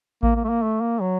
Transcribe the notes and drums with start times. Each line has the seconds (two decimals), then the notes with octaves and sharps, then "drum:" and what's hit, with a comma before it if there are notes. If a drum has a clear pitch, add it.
0.23 A#3, drum: kick A1
0.36 A#3
0.44 A3
0.49 A#3
0.63 A3
0.81 A#3
1.01 F#3